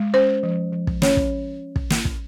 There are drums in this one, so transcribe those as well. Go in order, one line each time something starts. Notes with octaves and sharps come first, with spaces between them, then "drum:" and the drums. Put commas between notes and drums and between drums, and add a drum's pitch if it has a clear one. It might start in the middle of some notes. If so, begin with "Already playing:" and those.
Already playing: G#3
C#4 C5
F3
F3
drum: kick
C#4 C#5, drum: snare
drum: kick
drum: kick
drum: snare
drum: kick